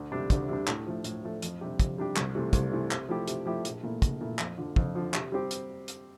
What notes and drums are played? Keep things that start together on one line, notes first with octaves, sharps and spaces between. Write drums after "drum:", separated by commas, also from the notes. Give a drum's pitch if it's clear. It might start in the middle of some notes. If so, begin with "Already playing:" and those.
Already playing: D2
C3 G3 D4
D2, drum: kick, hi-hat
C3 G3 D4
A2, drum: clap
F3 A3
A2, drum: hi-hat
F3 A3
F2, drum: hi-hat
C3 G3 D4 G4
F2, drum: kick, hi-hat
C3 G3 D4 G4
C2, drum: clap
C3 E3 A3
C2, drum: kick, hi-hat
C3 E3 A3
C3, drum: clap
F3 A3 E4 G4
C3, drum: hi-hat
F3 A3 E4 G4
A#1, drum: hi-hat
A#2 A3 E4
A#1, drum: kick, hi-hat
A#2 A3 E4
F2, drum: clap
D3 F3
F2, drum: kick
D3 F3
C3, drum: clap
G3 C4 G4
drum: hi-hat
drum: hi-hat